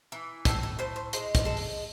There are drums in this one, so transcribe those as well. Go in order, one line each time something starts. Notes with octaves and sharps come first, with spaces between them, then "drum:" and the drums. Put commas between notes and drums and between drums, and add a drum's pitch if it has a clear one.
E3
A2 A4, drum: kick, hi-hat
A4
A2 C5
C5
G#3 C5, drum: hi-hat
drum: kick, hi-hat
G#3 A4
drum: open hi-hat